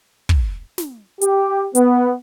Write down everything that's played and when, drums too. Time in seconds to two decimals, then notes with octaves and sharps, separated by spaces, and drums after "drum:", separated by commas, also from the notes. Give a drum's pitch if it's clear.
0.29 drum: kick
0.78 drum: snare
1.21 G4, drum: hi-hat
1.75 B3, drum: hi-hat